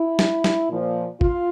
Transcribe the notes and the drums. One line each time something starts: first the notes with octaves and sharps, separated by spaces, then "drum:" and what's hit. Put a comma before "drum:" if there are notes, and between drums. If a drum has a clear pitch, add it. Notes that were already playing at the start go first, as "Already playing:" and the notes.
Already playing: E4
drum: snare
drum: snare
A#2 F3
F4, drum: kick